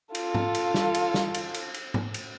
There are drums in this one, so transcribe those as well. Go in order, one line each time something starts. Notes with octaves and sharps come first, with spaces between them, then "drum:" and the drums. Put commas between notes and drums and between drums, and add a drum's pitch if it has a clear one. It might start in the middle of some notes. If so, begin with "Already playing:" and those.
F4 A4, drum: cymbal
drum: tom G#2
drum: cymbal
drum: snare
drum: cymbal
drum: snare
drum: cymbal
drum: cymbal
drum: cymbal
drum: tom G#2
drum: cymbal